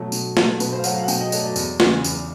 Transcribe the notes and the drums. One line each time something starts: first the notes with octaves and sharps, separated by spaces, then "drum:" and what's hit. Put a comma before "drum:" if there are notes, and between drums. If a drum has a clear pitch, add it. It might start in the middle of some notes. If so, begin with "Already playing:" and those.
Already playing: B2 F#3 A3
B2, drum: tambourine
F#3 A3, drum: snare
B2 B4, drum: tambourine
C5
F5
F#3 A3 F#5, drum: tambourine
F5
F#5
B2 G5, drum: tambourine
D#5
F#3 A3 D5, drum: tambourine
D5
E2, drum: tambourine
C#3 E3, drum: snare
E2, drum: tambourine